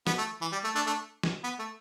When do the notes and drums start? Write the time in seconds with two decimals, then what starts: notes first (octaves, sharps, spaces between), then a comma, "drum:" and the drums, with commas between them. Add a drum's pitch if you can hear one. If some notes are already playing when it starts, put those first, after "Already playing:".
0.07 B3, drum: snare
0.18 A3
0.41 E3
0.52 G3
0.64 A3
0.75 A3 D4
0.87 A3 D4
1.23 drum: snare
1.44 B3
1.59 A3